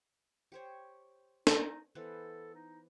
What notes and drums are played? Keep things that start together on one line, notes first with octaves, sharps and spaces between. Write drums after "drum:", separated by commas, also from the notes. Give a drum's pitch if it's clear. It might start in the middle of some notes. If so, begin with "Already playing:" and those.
G4 C5 C#5
D#4, drum: snare
E3 B3 A4 C5
D#4